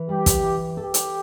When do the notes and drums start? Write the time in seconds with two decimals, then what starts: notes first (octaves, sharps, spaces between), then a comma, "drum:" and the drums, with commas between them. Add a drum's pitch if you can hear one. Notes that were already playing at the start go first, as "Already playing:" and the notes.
Already playing: E3
0.09 G3 G4
0.26 drum: kick, hi-hat
0.43 E3
0.77 G4 A4
0.94 drum: hi-hat